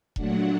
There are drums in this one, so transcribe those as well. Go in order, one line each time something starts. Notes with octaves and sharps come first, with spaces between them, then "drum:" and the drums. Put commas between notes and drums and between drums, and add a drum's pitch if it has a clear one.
A#2 F#3 A3 D4 F#5, drum: kick E1